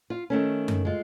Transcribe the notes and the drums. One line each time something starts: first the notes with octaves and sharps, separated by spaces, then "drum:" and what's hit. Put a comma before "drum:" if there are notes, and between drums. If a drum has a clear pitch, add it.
F4
D#3 A3 C#4
drum: tom F#2
G#3 F4